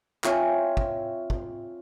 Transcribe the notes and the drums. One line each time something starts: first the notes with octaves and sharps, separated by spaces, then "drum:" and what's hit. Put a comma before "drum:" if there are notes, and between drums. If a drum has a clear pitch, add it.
C4 F4 C#5 E5 G#5, drum: clap
drum: kick
drum: kick